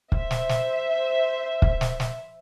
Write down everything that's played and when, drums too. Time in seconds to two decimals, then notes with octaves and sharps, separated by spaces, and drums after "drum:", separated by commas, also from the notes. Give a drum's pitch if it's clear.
0.12 C5 E5, drum: kick
0.31 drum: snare
0.49 drum: snare
1.62 drum: kick
1.81 drum: snare
2.00 drum: snare